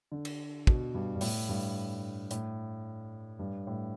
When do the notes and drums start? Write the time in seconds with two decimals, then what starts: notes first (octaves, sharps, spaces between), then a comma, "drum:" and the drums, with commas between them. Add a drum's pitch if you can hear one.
0.12 D3
0.25 drum: cymbal
0.67 B2, drum: kick
0.95 G2
1.15 G2
1.21 A2, drum: open hi-hat
1.49 G2
2.31 A2, drum: hi-hat
3.39 G2
3.67 A2